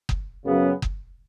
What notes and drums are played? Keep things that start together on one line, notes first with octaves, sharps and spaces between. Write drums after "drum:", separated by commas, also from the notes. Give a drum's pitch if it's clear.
drum: kick F#1
F#2 C#3 F#3 B3
drum: kick F#1